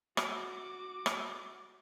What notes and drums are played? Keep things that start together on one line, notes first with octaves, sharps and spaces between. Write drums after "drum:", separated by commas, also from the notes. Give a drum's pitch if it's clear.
F#4 D6, drum: rim click
drum: rim click